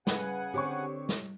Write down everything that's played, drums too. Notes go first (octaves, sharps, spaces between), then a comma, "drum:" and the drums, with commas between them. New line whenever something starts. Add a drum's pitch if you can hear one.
C#3 B4 F#5 G#5, drum: snare
D3 C4 G4 C#5 C#6
drum: snare